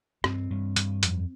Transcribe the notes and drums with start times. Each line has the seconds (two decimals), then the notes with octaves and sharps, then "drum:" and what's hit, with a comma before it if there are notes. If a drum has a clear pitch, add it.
0.24 G2 C4, drum: rim click
0.50 G2
0.76 G2, drum: hi-hat
1.03 F2, drum: hi-hat